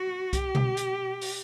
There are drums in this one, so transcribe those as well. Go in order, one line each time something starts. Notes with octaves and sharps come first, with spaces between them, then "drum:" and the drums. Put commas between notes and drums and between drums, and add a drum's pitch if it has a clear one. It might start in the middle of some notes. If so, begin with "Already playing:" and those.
Already playing: F#4
G4, drum: kick C2, hi-hat
drum: tom B2
drum: hi-hat
drum: open hi-hat